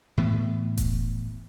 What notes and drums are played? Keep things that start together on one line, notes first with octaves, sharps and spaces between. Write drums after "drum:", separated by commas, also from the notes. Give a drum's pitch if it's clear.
A2 E3 B3
drum: kick E1, hi-hat